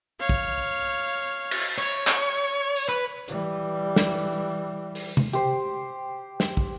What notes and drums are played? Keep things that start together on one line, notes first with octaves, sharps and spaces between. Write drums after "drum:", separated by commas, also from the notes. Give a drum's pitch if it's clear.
C#5 F5
drum: kick
drum: cymbal
C#5
drum: clap
drum: tambourine
B4
E3 G3, drum: hi-hat
drum: snare
drum: open hi-hat
drum: tom C3
G4 C5, drum: hi-hat
drum: snare
drum: kick